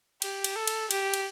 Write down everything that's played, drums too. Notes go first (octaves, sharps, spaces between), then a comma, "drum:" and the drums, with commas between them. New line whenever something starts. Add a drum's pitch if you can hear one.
G4, drum: cymbal
drum: cymbal
A4
drum: cymbal
G4, drum: cymbal
drum: cymbal